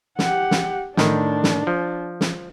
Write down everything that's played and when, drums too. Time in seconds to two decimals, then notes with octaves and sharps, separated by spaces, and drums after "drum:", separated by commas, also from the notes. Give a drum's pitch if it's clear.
0.19 G4 F#5, drum: snare
0.51 drum: snare
0.97 A2 D#3 D4, drum: snare
1.44 drum: snare
1.67 F3
2.21 drum: snare